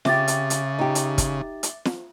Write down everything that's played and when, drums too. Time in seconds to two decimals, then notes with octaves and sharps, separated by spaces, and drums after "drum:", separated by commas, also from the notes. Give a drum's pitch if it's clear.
0.05 C#3 C4 G4 E5 D6 A6, drum: snare
0.28 drum: hi-hat
0.50 drum: hi-hat
0.79 D#4 G4
0.95 drum: hi-hat
1.18 drum: kick, hi-hat
1.63 drum: hi-hat
1.85 drum: snare